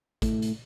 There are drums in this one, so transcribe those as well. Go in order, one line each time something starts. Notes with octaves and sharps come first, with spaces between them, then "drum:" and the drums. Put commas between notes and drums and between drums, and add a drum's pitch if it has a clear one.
A2, drum: kick G#1, hi-hat
drum: hi-hat